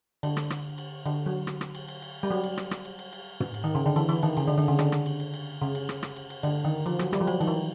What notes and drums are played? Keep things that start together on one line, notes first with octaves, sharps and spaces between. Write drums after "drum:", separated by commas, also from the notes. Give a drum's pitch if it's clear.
D3, drum: cymbal
drum: rim click
drum: rim click
drum: cymbal
D3, drum: cymbal
F#3
drum: rim click
drum: rim click
drum: cymbal
drum: cymbal
drum: cymbal
G3
F#3
drum: cymbal
drum: rim click
drum: rim click
drum: cymbal
drum: cymbal
drum: cymbal
drum: tom
drum: cymbal
D#3
C#3
D3
E3, drum: cymbal
E3, drum: cymbal
D#3, drum: cymbal
C#3, drum: cymbal
D3
D3
C#3
D3, drum: rim click
drum: rim click
drum: cymbal
drum: cymbal
drum: cymbal
C#3
drum: cymbal
drum: rim click
drum: rim click
drum: cymbal
drum: cymbal
D3, drum: cymbal
D#3
F3, drum: cymbal
F#3, drum: rim click
G3, drum: rim click
F3
F#3, drum: cymbal
D#3, drum: cymbal
E3